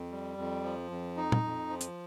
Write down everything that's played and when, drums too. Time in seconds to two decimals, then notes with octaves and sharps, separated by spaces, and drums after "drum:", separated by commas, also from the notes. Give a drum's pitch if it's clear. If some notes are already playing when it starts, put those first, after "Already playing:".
Already playing: F2
0.11 G3
0.38 F2
0.64 F3
0.91 F2
1.17 D#4
1.32 drum: tom
1.43 F2
1.70 F3
1.81 drum: hi-hat